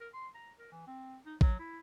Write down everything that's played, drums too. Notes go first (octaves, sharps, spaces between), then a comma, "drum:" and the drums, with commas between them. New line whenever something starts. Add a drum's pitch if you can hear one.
A#4
C6
A#5
A#4
E3
C4
D#4
F#3, drum: kick A1
E4